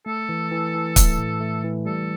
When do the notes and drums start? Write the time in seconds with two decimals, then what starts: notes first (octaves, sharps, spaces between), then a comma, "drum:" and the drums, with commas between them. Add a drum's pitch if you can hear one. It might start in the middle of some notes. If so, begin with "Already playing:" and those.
0.06 A3 A4
0.29 E3
0.52 E3
0.74 E3
0.96 A3, drum: kick, hi-hat
1.18 A2
1.41 A3
1.64 E3
1.86 G3 A4